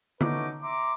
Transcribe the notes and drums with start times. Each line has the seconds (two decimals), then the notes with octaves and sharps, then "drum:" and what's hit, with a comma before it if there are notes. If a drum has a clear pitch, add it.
0.21 A3 C#4 D#4 F#4 B4 D6, drum: tom D3
0.62 E5 A#5 C6 D6